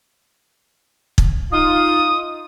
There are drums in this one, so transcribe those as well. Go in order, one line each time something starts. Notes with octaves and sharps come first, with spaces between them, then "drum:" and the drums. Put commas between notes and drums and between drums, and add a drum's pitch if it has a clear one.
drum: kick
D#4 F4 D#6